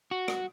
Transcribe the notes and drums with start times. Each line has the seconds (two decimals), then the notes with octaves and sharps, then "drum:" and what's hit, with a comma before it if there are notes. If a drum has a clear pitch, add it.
0.11 F#4
0.28 drum: rim click